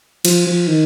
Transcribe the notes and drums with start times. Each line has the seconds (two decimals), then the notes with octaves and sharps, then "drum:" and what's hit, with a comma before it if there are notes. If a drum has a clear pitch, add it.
0.25 F3, drum: cymbal
0.47 F3
0.68 D#3